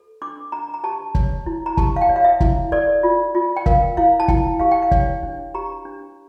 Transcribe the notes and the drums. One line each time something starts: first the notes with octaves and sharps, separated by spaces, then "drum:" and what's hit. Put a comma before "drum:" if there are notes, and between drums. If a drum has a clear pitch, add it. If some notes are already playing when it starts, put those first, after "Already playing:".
Already playing: A4
D4 D6
D4 A#5
A#5
G4 A5
C#5, drum: kick
E4
A#5
G4 A5, drum: kick
F5
G5
C#5
F5
E5
E4, drum: kick
A4 D5
F4
F4
G5
A#4 F5, drum: kick
E4 F5
A5
E4 G5, drum: kick
G4 F5
G5
F5
C#5, drum: kick
D4
G4 A#5
D4